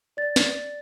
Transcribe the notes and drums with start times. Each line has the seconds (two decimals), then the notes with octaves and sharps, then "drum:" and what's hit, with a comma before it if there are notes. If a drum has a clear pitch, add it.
0.17 D5 A6
0.36 drum: snare